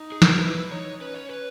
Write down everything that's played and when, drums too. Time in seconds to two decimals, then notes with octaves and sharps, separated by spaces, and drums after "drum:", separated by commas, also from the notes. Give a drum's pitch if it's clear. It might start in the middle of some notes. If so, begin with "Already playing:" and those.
Already playing: D#4
0.12 G#4
0.22 A#4, drum: snare
0.41 E4 B4
0.71 D#4 C#5
1.01 C#4 B4
1.14 C#5
1.29 B4